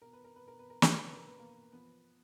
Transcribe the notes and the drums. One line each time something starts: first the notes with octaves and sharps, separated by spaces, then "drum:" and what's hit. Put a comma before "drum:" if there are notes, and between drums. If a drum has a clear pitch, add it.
B2 A#4
B4
A#4
B4
B2 A#4
B4
A#4
B4, drum: snare
B2
A#4
B4
A#4
B2 B4
A#3 A#4
F3 B3 B4